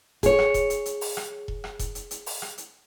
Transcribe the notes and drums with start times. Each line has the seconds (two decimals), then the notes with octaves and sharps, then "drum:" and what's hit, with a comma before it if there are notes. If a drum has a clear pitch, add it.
0.23 G#4 C#5, drum: kick E1, hi-hat
0.39 drum: rim click
0.54 drum: kick E1, hi-hat
0.70 drum: hi-hat
0.86 drum: hi-hat
1.01 drum: open hi-hat
1.17 drum: rim click
1.48 drum: kick E1
1.64 drum: rim click
1.79 drum: kick E1, hi-hat
1.95 drum: hi-hat
2.11 drum: hi-hat
2.26 drum: open hi-hat
2.42 drum: rim click
2.58 drum: hi-hat